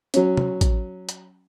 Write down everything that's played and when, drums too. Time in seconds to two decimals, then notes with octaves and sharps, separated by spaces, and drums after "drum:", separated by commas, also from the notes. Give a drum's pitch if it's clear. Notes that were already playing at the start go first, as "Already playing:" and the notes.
0.14 F#3 C#4, drum: hi-hat
0.37 drum: tom C3
0.61 drum: kick, hi-hat
1.09 drum: hi-hat